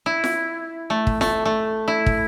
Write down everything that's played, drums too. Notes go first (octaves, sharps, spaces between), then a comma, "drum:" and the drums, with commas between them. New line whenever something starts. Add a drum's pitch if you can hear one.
E4
drum: snare F4
A3
drum: kick
A3, drum: snare F4
A3
E4
drum: kick